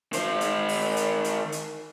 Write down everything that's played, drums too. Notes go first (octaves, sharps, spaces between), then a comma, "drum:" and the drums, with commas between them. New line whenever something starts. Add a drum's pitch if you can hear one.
D#3 C5, drum: hi-hat
drum: hi-hat
drum: open hi-hat
drum: hi-hat
drum: hi-hat
drum: hi-hat